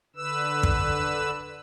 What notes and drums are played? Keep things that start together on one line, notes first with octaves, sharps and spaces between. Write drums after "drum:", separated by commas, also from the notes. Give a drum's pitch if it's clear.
D3 B4 E6
drum: kick